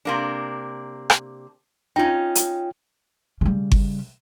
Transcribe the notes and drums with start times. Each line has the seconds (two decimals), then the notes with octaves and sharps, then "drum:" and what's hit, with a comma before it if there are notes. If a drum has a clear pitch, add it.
0.05 C3 A#3 D4
1.10 drum: rim click
1.96 C#4 D#4 F4 G5
2.35 drum: hi-hat
3.41 C#3 G3
3.72 drum: kick G1